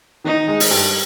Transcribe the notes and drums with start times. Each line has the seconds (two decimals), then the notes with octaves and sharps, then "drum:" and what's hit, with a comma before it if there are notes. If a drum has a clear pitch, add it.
0.24 D#3 D#4
0.48 G#3
0.60 drum: open hi-hat
0.71 G2